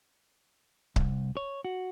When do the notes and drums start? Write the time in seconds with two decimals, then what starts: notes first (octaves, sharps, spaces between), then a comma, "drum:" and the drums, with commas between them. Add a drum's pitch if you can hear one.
0.96 C2, drum: kick C#1
1.37 C#5
1.65 F#4